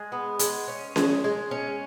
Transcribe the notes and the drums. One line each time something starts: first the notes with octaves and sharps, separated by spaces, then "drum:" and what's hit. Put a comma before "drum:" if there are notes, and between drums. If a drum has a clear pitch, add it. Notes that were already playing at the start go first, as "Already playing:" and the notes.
Already playing: G#3
B3
G#3, drum: hi-hat
C#4
G#3, drum: snare C#4
G#3
C#4